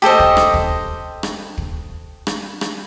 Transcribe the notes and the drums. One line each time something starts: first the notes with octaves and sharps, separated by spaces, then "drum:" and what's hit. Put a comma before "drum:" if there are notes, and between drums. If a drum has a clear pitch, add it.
G4 A4 C5 D#5
drum: kick
drum: rim click
drum: kick
drum: rim click
drum: kick
drum: rim click
drum: rim click